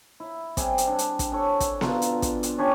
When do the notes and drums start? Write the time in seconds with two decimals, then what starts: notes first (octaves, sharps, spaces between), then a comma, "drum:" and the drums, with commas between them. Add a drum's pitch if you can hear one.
0.20 E4
0.57 C3 G3 G#4, drum: kick, hi-hat
0.78 drum: hi-hat
0.87 D4
0.99 drum: hi-hat
1.19 drum: kick, hi-hat
1.32 D4 A4 C#5
1.60 drum: kick, hi-hat
1.81 B2 D3 F4 A#5, drum: snare B3
2.02 drum: hi-hat
2.22 drum: kick, hi-hat
2.43 drum: hi-hat
2.58 C#4 D4 G4 C#5